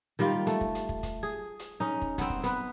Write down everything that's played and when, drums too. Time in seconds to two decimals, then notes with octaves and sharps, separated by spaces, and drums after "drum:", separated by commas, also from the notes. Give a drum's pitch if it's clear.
0.19 D#3 G3 A#3 F4
0.47 A3, drum: hi-hat
0.61 drum: kick
0.75 drum: hi-hat
0.89 drum: kick
1.03 drum: kick, hi-hat
1.23 G#4
1.59 drum: hi-hat
1.80 C#4 D#4
2.02 drum: kick
2.18 B3 C4, drum: kick, hi-hat
2.30 drum: kick
2.43 B3 B4, drum: hi-hat